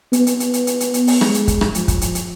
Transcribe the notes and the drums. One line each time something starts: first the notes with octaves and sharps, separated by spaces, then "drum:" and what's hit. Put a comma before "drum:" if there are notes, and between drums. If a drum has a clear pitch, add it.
B3, drum: hi-hat
drum: hi-hat
drum: hi-hat
drum: hi-hat
drum: hi-hat
drum: hi-hat
drum: hi-hat
drum: open hi-hat
G#3, drum: rim click
drum: hi-hat
drum: kick, hi-hat
drum: rim click
F3, drum: hi-hat
drum: kick, hi-hat
drum: hi-hat
drum: hi-hat